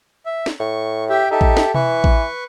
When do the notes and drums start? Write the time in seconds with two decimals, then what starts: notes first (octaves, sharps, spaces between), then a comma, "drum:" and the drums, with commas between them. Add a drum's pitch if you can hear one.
0.26 E5
0.46 drum: snare
0.60 A2 C#6
1.09 G4 E5 G5
1.31 D#4 G4 A4 E5
1.41 drum: kick A1
1.57 drum: snare
1.74 E3 B4 C#6, drum: tom B2
2.04 drum: kick A1